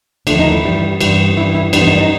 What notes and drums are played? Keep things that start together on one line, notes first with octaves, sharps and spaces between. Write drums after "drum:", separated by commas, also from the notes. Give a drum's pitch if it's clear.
D#2 D3 F3 A3 D4, drum: cymbal
D#4
E4
G2 E3 G3
G2 E3 G3, drum: cymbal
G2 E3 G3 E4
E4
G2 E3 G3 D4, drum: cymbal
B3
D#4
D4
D#4